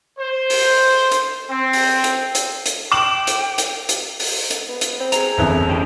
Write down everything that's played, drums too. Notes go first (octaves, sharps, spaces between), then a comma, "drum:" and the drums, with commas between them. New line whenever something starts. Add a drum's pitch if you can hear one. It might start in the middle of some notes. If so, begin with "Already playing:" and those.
C5
drum: open hi-hat
drum: hi-hat
C4
drum: open hi-hat
drum: hi-hat
drum: hi-hat
drum: hi-hat
G5 D6 E7 F#7
drum: hi-hat
drum: hi-hat
drum: hi-hat
drum: open hi-hat
drum: hi-hat
B3
drum: hi-hat
C4
G#4 A#5, drum: hi-hat
G1 F2 C#3 E3
C#4 G4 G5